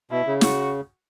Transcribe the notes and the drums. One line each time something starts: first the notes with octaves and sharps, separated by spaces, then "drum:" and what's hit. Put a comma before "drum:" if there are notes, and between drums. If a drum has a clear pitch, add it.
B2 E4
C#3
F#4, drum: snare